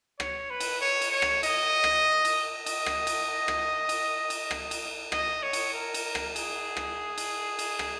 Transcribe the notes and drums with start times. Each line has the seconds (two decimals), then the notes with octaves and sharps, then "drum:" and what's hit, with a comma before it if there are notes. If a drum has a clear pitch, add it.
0.20 C#5, drum: rim click
0.50 B4
0.60 drum: cymbal
0.81 C#5
1.02 drum: cymbal
1.12 C#5
1.22 drum: rim click
1.43 D#5, drum: cymbal
1.84 drum: rim click
2.25 drum: cymbal
2.66 D#5, drum: cymbal
2.86 drum: rim click
3.07 drum: cymbal
3.48 drum: rim click
3.89 drum: cymbal
4.30 drum: cymbal
4.51 drum: rim click
4.71 drum: cymbal
5.12 D#5, drum: rim click
5.43 C#5
5.53 drum: cymbal
5.74 A#4
5.94 drum: cymbal
6.15 drum: rim click
6.36 G#4, drum: cymbal
6.77 drum: rim click
7.18 drum: cymbal
7.59 drum: cymbal
7.79 drum: rim click